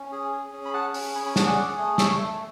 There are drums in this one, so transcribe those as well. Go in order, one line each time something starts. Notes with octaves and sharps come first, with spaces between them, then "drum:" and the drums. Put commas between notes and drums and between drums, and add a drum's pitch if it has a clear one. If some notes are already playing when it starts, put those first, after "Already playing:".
Already playing: C#4
G#4
G#4
C#4
B5
G#4 F#5 A5
C#4, drum: open hi-hat
C#4 G#5 B5
G#5 B5
G#4 F#5 A5, drum: snare
D5 F#5
G#4
A3
A3 C#5 E5, drum: snare
A3